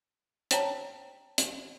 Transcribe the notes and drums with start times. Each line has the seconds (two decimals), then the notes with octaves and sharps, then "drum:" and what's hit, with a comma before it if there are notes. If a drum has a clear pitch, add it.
0.51 C5 C#5 G5 A5 A#5, drum: hi-hat
1.38 drum: hi-hat